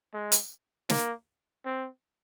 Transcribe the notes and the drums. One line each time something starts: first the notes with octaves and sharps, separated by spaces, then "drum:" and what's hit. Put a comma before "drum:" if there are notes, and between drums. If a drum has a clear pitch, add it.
G#3
drum: hi-hat
A#3, drum: snare
C4